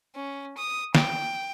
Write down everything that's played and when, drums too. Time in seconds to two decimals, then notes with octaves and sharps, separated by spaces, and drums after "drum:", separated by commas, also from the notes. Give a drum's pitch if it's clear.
0.15 C#4
0.57 D#6
0.95 G5, drum: snare